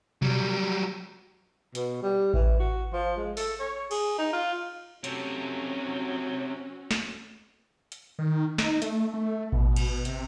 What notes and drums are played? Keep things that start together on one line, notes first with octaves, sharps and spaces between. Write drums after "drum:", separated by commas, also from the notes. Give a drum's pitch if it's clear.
F#3 G3, drum: tom B2
B2, drum: hi-hat
G3
E3, drum: kick A1
F#4
F3
G#3
A4, drum: open hi-hat
C#5
G#4, drum: cymbal
D#4
F4
C3 F#3 C4 C#4 F#4 A4, drum: hi-hat
drum: snare
drum: hi-hat
D#3
D#4, drum: snare
A3, drum: hi-hat
A3
B2, drum: kick A1
drum: cymbal
C3, drum: hi-hat